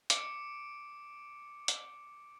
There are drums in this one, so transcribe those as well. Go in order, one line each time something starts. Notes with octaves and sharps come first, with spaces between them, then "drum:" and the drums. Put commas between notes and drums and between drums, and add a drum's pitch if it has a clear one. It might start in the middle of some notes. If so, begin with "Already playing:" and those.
D6 C#7 D7, drum: hi-hat
drum: hi-hat